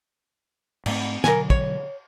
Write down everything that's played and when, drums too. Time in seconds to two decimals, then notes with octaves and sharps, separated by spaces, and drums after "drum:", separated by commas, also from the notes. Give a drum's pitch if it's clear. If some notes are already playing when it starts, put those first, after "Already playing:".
0.86 G#2 A3 C4, drum: cymbal
1.24 B2 D3 F#3 A#4 G#5, drum: snare
1.50 C#5, drum: kick